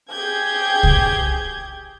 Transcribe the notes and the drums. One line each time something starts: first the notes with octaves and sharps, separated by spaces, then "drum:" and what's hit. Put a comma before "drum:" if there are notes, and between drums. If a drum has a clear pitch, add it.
G4 G#4 G6 G#6
drum: kick C2